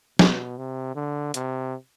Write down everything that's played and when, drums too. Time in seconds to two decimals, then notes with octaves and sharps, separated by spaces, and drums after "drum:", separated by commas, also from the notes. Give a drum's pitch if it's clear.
0.19 B2, drum: snare
0.58 C3
0.95 D3
1.34 C3, drum: hi-hat